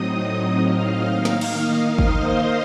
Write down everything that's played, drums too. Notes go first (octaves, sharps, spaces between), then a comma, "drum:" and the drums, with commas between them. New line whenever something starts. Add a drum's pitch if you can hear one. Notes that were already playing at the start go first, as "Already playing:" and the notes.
Already playing: A2 F#3 C4 D#4 D#5 D#6
F5 F6
D#3 A#3 D#4 F5 F6
drum: snare
drum: cymbal
D#5 D#6
C5 C6, drum: kick